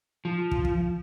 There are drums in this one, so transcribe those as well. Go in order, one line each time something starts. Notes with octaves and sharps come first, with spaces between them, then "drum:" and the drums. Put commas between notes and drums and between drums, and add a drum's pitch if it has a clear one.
F3
drum: kick
drum: kick